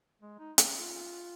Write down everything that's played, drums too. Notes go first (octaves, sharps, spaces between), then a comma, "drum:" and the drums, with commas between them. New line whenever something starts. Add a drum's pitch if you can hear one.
G#3
D#4
C#4, drum: hi-hat
F4